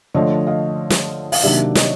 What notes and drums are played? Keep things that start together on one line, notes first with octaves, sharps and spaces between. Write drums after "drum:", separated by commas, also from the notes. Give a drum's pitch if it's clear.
D3 F3 A3 C#5 D#5
D#5 F5
drum: snare
F5, drum: open hi-hat
C3 D#3 F#3 A#3 D4 D5 E5
C#5 D#5, drum: snare